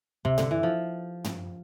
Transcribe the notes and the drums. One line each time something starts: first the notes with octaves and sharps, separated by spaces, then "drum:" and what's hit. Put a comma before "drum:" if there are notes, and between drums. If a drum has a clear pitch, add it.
C3, drum: kick
D3, drum: tom
E3
F3
drum: tom